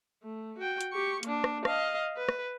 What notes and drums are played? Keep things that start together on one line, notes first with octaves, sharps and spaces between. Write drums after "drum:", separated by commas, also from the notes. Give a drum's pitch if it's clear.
A3
F#4 G5
drum: hi-hat
G4 C#6
A#3 D4, drum: hi-hat
drum: rim click
D#5 F5, drum: rim click
B4
drum: rim click